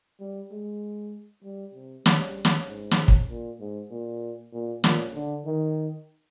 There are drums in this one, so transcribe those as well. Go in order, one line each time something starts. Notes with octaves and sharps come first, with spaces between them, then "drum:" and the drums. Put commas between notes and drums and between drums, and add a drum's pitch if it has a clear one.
G3
G#3
G3
C3
G3, drum: snare
drum: snare
G#2
drum: snare
drum: kick
A#2
G#2
A#2
A#2
A#2, drum: snare
D3
D#3